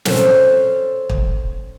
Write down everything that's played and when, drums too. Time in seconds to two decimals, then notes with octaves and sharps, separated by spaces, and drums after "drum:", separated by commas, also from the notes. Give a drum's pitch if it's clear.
0.05 C#4 A4 C5, drum: snare
1.09 drum: kick